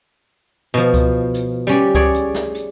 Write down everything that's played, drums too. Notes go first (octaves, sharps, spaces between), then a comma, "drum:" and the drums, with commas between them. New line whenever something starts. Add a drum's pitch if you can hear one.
B2 F3
drum: kick C#2, hi-hat
drum: hi-hat
G3 C#4 D5
G#4 C#5 D5, drum: kick C#2
drum: hi-hat
drum: snare
drum: hi-hat